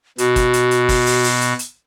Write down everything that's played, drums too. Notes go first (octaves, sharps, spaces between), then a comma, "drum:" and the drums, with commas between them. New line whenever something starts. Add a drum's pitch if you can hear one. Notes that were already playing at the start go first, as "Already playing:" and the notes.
B2 F#4, drum: hi-hat
drum: kick, hi-hat
drum: hi-hat
drum: hi-hat
drum: kick, open hi-hat
drum: open hi-hat
drum: open hi-hat
drum: hi-hat
drum: hi-hat